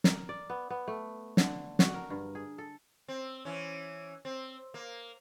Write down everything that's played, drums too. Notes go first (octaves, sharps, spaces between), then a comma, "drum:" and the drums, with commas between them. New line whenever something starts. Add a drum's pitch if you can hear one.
A#4, drum: snare
D5
B3
B3
A3
D3, drum: snare
F#4, drum: snare
A#4
G2
G#4
A4
C4
E3 C#4
C4
A#3